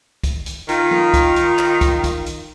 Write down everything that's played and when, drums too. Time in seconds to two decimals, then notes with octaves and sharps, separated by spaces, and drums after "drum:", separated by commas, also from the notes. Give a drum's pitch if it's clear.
0.24 drum: kick, hi-hat
0.46 drum: hi-hat
0.69 D#3 F4, drum: hi-hat
0.91 drum: tom
1.14 drum: kick, hi-hat
1.36 drum: hi-hat
1.59 drum: clap
1.81 drum: kick, hi-hat
2.04 drum: kick, hi-hat
2.26 drum: hi-hat